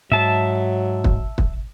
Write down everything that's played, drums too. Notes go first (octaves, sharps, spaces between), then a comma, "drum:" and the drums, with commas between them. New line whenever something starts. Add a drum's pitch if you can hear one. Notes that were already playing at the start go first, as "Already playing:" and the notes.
G#2 F#3 E5 A5
drum: kick
drum: kick